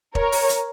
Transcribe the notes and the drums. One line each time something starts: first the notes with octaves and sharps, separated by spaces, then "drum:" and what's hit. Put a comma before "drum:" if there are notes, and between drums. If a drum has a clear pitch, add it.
A#4 C#5, drum: kick E1
drum: open hi-hat
drum: hi-hat